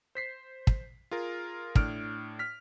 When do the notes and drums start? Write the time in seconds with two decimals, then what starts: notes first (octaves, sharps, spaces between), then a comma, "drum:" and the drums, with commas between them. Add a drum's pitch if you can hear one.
0.15 C5 B6 C7
0.67 drum: kick
1.11 F4 G#4 A#4
1.75 A2 D4 F6 D7, drum: kick
2.39 F6 B6